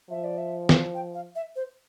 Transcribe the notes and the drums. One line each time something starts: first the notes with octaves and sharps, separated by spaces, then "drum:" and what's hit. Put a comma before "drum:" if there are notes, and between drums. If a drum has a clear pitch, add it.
F3 E5
D5
E5
drum: snare
G5
F5
E5
C5